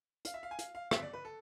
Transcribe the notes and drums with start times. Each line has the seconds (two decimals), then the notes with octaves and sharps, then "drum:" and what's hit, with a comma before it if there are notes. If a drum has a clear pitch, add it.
0.25 F5, drum: hi-hat
0.34 E5
0.43 F5
0.51 G#5
0.59 F5, drum: hi-hat
0.75 F5
0.91 E5, drum: rim click
1.02 D5
1.13 B4
1.25 A4